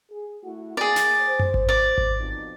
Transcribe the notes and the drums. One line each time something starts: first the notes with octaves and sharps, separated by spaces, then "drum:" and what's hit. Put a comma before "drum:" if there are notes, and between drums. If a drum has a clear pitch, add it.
G#4
A3 E4 F#4
A#3 G#4 D5
drum: snare
C5
drum: tom F#2
drum: kick G#1
D5 D6
drum: kick G#1
F2 B2 D#4